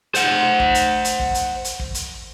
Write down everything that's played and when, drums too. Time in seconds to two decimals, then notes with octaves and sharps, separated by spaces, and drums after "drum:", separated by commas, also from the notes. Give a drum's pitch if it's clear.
0.15 C5 F#5, drum: hi-hat
0.60 drum: kick
0.75 drum: hi-hat
1.05 drum: hi-hat
1.20 drum: kick
1.35 drum: hi-hat
1.65 drum: hi-hat
1.80 drum: kick
1.95 drum: hi-hat